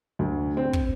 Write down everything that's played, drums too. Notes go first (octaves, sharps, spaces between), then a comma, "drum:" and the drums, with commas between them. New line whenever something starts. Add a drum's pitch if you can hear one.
D2
C4
drum: kick